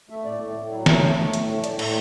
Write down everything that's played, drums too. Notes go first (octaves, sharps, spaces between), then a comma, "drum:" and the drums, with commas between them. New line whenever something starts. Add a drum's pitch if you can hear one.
A3 E5
A2 D5
A2
A2
F#3 E4
A3 E4, drum: snare
A3 D4
A3
A2, drum: hi-hat
A3
A2 D5, drum: hi-hat
A2 E5, drum: cymbal